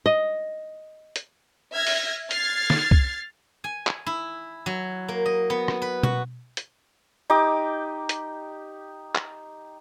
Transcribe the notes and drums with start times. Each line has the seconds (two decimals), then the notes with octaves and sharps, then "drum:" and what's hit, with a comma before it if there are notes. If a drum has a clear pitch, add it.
0.06 D#5
1.16 drum: hi-hat
1.74 E5 F6 G#6 A#6
1.87 drum: open hi-hat
2.31 F6 G#6 A6 C7, drum: hi-hat
2.70 drum: snare
2.91 drum: kick
3.64 G#5
3.87 drum: clap
4.06 E4
4.66 F#3
5.08 A#3
5.26 D#5
5.50 B3
5.68 drum: rim click
5.82 B4
6.03 F#4, drum: tom B2
6.57 drum: hi-hat
7.30 D#4 G4 D6
8.09 drum: hi-hat
9.15 drum: clap